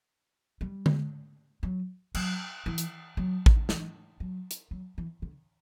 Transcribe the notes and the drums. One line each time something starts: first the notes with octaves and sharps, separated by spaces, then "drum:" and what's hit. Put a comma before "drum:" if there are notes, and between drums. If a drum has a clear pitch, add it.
G3
drum: tom D3
F#3
F#3, drum: cymbal
E3
drum: hi-hat
F#3
drum: kick A1
E3, drum: snare
F#3
drum: hi-hat
F#3
E3
D3